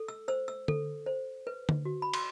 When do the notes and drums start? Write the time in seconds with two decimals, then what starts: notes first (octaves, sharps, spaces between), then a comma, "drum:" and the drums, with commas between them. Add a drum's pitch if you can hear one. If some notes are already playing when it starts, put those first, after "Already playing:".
Already playing: A4
0.08 E6
0.28 C5 E6
0.48 E6
0.68 A4, drum: tom D3
1.06 C5
1.47 B4
1.69 drum: tom D3
1.85 F#4
2.02 B5
2.13 C6, drum: cymbal